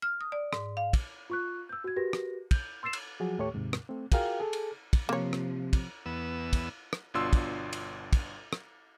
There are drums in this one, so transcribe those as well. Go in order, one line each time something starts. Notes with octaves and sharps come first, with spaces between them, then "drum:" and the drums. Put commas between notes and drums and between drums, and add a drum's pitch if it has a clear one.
F6
D#6
D5
G#2, drum: rim click
F5
drum: kick, cymbal
F4 C#6 F#6
E6 G6
F#4 G#6
F#4 G4 A#4 B4 A#6
drum: rim click
G6, drum: kick, cymbal
C6 E6 A6 C7 E7
drum: cymbal
F3 F#3 F#4 G#4
D#2 A2 A3 G4 C#5 C#6
D#2 G#2 C3
drum: rim click
A3 C4
F4 F#4 G#4 A#4 F5 G5, drum: kick, cymbal
G#4 A4
drum: cymbal
drum: kick, cymbal
C3 F3 A#3 C#5
drum: rim click
drum: kick, cymbal
E2 B3 E6
drum: kick, cymbal
drum: rim click
G1 B2 D4 F4 C6 E6
drum: kick, cymbal
drum: cymbal
drum: kick, cymbal
drum: rim click